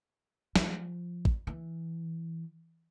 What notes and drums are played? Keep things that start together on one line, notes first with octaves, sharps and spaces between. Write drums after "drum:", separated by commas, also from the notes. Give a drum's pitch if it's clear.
F3, drum: snare
drum: kick
E3